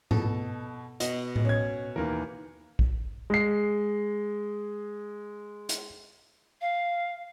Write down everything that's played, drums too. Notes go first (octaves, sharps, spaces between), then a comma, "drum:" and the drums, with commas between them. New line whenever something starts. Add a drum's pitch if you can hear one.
B2 A4, drum: tom G#2
B2 D#5, drum: hi-hat
drum: tom A2
C#4 G#6
D#2 E3 A#4
drum: kick A#1
G#3 C7
drum: hi-hat
F5